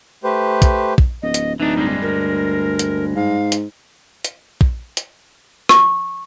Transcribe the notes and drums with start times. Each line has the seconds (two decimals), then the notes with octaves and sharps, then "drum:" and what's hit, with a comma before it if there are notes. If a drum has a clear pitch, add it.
0.24 A3 G4 B4 C5
0.62 drum: kick, hi-hat
0.98 drum: kick
1.22 D1 D#5
1.34 drum: hi-hat
1.60 D1 E3 D4 D#4
1.76 G2 G3 G#3
2.02 D2 A#4
2.79 drum: hi-hat
3.16 G#2 F5
3.52 drum: hi-hat
4.24 drum: hi-hat
4.61 drum: kick
4.97 drum: hi-hat
5.69 C#6, drum: rim click